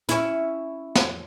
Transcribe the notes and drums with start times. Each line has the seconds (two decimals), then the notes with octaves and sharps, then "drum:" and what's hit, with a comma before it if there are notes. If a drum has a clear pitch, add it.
0.09 C#4 E4, drum: hi-hat
0.95 drum: snare